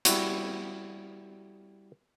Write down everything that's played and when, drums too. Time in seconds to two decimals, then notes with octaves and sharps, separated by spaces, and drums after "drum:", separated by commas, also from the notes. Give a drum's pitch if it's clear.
0.05 G3 E4 F#4, drum: hi-hat